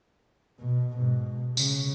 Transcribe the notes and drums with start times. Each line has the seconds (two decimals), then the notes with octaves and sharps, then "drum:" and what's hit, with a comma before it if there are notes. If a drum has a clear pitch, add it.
0.60 B2
0.94 G#2 B2
1.57 C#3, drum: tambourine